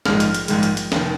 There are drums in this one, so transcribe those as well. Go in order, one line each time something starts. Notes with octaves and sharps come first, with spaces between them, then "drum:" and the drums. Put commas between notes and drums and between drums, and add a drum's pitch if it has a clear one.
A#1 G#2 D#3 G#3 F6, drum: snare
drum: hi-hat
drum: hi-hat
A#1 G#2 D#3 G#3, drum: hi-hat
drum: hi-hat
drum: hi-hat
F1 D#3, drum: snare